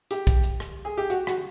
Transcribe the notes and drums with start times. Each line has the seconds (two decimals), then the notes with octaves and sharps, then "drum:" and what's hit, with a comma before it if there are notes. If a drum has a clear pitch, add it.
0.11 G4, drum: hi-hat
0.27 drum: kick B1, hi-hat
0.44 drum: hi-hat
0.60 drum: rim click
0.85 G#4
0.98 G4
1.10 F#4, drum: hi-hat
1.27 F#4, drum: rim click